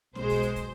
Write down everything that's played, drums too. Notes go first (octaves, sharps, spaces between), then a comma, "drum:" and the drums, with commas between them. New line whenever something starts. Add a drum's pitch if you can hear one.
B1 B2 G#3 C5, drum: snare
drum: kick, open hi-hat
drum: hi-hat
drum: kick, hi-hat